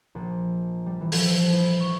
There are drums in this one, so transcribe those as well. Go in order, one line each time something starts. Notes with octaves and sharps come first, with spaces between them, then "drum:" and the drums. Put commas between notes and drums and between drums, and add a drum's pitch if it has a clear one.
A#1
G3
E3
F3, drum: open hi-hat
C5
E4
C#6